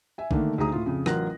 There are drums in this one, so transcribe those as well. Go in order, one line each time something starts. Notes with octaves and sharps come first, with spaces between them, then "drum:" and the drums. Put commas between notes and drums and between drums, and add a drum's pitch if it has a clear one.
E5 G#5
D3 D#3 A3 A#3 D4, drum: kick A#1
D2 D#4 G#4 A#5 D#6
A2 F4
F2 C#3
A1 F#3 F4 A#4 F#6 A#6, drum: rim click